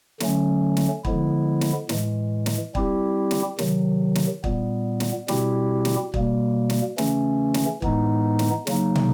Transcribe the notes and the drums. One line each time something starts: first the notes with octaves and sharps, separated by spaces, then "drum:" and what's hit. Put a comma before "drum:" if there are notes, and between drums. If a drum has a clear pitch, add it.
D3 F#3 A3 C#4, drum: snare
drum: snare
D3 F3 G#3 B3 E4, drum: kick
drum: snare
A2 E3 G#3, drum: snare
drum: snare
G3 C4 E4 G4, drum: kick
drum: snare
C3 D#3 F#3, drum: snare
drum: snare
A#2 G3 B3, drum: kick
drum: snare
B2 G3 C4 E4 G4, drum: snare
drum: snare
B2 G3 A#3, drum: kick
drum: snare
C#3 E3 A3 C#4, drum: snare
drum: snare
A2 E3 G#3 B3 D#4, drum: kick
drum: snare
C#3 F#3 A#3 D#4, drum: snare
drum: tom